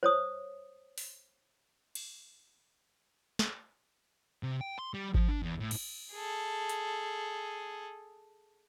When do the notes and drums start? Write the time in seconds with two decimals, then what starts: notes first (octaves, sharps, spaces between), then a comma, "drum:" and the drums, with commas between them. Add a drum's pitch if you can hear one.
0.03 C5 C#5 D#6
0.98 drum: open hi-hat
1.95 drum: cymbal
3.39 drum: snare
4.43 C3
4.61 G5
4.79 C6
4.94 G3
5.14 F3, drum: kick G#1
5.28 D4
5.43 E2
5.60 A2
5.71 drum: cymbal
6.13 G#4 A4
6.69 drum: hi-hat